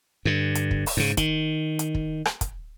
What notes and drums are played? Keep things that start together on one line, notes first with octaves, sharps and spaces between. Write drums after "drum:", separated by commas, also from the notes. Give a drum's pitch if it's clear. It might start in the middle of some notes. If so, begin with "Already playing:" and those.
G2 D3
drum: hi-hat
drum: kick
drum: open hi-hat
G#2 C#3
D#3, drum: kick, hi-hat
drum: hi-hat
drum: kick
drum: rim click
drum: kick, hi-hat